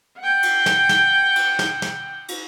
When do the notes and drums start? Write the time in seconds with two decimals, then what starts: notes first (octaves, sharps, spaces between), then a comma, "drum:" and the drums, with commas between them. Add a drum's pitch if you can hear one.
0.20 F#5 G5
0.43 drum: cymbal
0.66 drum: snare
0.89 drum: snare
1.36 drum: cymbal
1.59 drum: snare
1.82 drum: snare
2.29 drum: cymbal